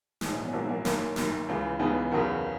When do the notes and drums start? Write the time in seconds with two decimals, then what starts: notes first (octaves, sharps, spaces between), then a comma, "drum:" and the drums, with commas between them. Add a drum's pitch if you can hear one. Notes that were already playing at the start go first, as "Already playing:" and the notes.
0.21 A#1 G#2 E3 D#4, drum: snare
0.33 C#4
0.43 B3
0.53 A#1 G#2 E3 F#3 A#3
0.69 F#3 A#3
0.85 F#1 F#2 D#3 A#3 C#4, drum: snare
1.16 F#1 F#2 D#3, drum: snare
1.49 C#2 C#3 E3
1.79 C#2 C#3 E3 B3 D#4
2.11 F#1 E2 C#3 F#4 A#4